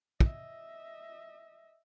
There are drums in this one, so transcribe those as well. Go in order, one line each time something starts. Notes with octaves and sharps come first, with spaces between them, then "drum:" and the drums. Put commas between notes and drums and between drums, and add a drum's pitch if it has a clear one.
D#5 E5, drum: kick